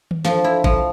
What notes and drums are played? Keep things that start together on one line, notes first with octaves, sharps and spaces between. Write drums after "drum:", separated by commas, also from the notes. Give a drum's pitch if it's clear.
drum: tom D#3
F3, drum: snare
E4
F3, drum: kick G#1